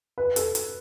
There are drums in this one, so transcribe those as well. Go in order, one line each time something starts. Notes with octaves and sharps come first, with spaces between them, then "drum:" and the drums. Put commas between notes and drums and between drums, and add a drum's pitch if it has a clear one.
B4
A4, drum: hi-hat
drum: hi-hat